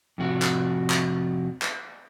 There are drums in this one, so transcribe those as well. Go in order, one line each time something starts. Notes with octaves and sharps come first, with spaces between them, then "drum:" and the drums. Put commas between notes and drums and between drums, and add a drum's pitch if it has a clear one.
F2 C3 F#4
drum: clap
drum: clap
drum: clap